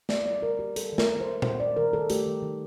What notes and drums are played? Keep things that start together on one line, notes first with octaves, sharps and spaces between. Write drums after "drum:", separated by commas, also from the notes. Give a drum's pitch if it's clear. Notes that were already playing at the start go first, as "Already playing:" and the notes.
G3 D5, drum: snare
G3 D5
D3 A#4
A#3 G4
G3 A4, drum: hi-hat
D#3
A#4, drum: snare
A#3
C5
D#3
D#3 C5, drum: tom A#2
G3 D5
D#3 A#4
D#3 A4
A3 G4, drum: hi-hat
D#3
D#3